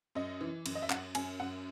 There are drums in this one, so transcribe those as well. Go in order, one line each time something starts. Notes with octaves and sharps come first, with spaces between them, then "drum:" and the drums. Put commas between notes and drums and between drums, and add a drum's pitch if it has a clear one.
F#2 D#5
E3
F#2, drum: cymbal
D#5
E5
F#2 F#5, drum: clap
F#2 G#5, drum: cymbal
F#2 F#5